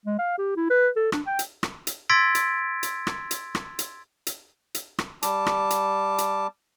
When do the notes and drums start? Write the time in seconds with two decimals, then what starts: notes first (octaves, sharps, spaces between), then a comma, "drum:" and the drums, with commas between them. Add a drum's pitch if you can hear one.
0.06 G#3
0.19 F5
0.38 G4
0.56 E4
0.70 B4
0.96 A4
1.12 D4, drum: rim click
1.26 G5
1.39 drum: hi-hat
1.63 drum: rim click
1.87 drum: hi-hat
2.09 C6 E6 G#6 A6 B6 D7
2.35 drum: hi-hat
2.83 drum: hi-hat
3.07 drum: rim click
3.31 drum: hi-hat
3.55 drum: rim click
3.79 drum: hi-hat
4.27 drum: hi-hat
4.75 drum: hi-hat
4.99 drum: rim click
5.22 G3 A5 D6, drum: hi-hat
5.46 drum: rim click
5.70 drum: hi-hat
6.18 drum: hi-hat